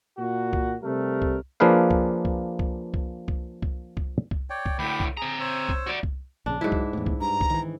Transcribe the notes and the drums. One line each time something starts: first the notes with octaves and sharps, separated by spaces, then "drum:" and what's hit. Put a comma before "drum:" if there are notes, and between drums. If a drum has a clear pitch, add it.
A#2 F#4
drum: kick C2
C3 G3 A3 A#4
drum: kick C2
F3 A#3 D4 G#4 B4 F5
drum: kick C2
drum: kick C2
drum: kick C2
drum: kick C2
drum: kick C2
drum: kick C2
drum: kick C2
drum: kick C2
C#5 D5 G5
drum: kick C2
D2 A2 G5 B5 D6
drum: kick C2
C4 G#4 A#5
C5 C#5 E6
drum: kick C2
F#4 D5
drum: kick C2
A#1 C#3 D4
G#2 F3 F#3 E4
drum: kick C2
E2 A2
drum: kick C2
G2 A#5
drum: kick C2
D#3 E3